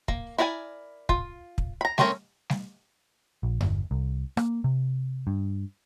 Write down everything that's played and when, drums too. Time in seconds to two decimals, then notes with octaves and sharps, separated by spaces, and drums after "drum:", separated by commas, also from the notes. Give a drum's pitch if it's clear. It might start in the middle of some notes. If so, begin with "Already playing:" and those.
0.08 A#3, drum: kick
0.38 E4 A#4 D5 F#5 G#5
1.09 F4, drum: kick
1.58 drum: kick
1.81 A#5 B5
1.98 A3 C4 C#4 A#4 C#5, drum: snare
2.50 drum: snare
3.43 A#1
3.61 G1, drum: tom E2
3.91 C2
4.37 A#3, drum: rim click
4.64 C3
5.27 G2